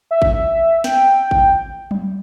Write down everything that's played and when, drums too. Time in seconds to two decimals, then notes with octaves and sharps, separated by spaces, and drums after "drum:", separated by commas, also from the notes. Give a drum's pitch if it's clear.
0.11 E5
0.22 drum: kick G#1
0.84 G5, drum: snare
1.31 drum: kick G#1
1.91 drum: tom F#3